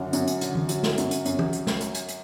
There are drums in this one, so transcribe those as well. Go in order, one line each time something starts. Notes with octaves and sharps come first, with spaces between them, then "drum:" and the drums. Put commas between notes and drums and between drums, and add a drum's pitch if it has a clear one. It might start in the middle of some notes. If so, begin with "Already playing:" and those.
Already playing: F#2 D3 F#3
F#2, drum: hi-hat
drum: hi-hat
D3, drum: hi-hat
drum: tom E3
F#3, drum: hi-hat
drum: snare
F#2, drum: hi-hat
drum: hi-hat
F#2, drum: hi-hat
drum: tom
drum: hi-hat
drum: snare
drum: hi-hat
drum: hi-hat
drum: hi-hat